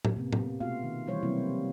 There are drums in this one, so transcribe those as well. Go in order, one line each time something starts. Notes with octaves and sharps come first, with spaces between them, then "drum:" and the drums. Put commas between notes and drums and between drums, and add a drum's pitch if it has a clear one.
drum: tom A2
C3 A#3 B3
drum: tom A2
B2 A3 B3 F4 F#4 F5
D#3
D#3 E3 G3 D4 C5 C#5
C3 F#3 G3 A#3 C4 E4